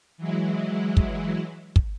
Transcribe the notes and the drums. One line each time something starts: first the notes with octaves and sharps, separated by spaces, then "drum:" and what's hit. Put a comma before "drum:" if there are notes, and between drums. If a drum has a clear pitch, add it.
E3 F#3 G#3 E4
drum: kick
drum: kick